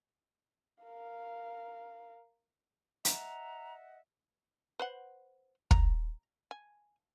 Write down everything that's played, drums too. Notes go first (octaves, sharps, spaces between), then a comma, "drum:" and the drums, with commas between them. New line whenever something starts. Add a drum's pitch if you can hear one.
A#4 F5
D#5 E5 F#5 A#5, drum: hi-hat
B4 C5 F#5
A#5, drum: kick
G#5